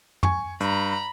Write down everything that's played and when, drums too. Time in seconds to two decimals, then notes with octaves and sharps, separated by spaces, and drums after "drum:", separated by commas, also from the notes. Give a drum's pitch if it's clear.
0.23 G#5 C#6, drum: tom
0.60 G2 A#5 B5, drum: hi-hat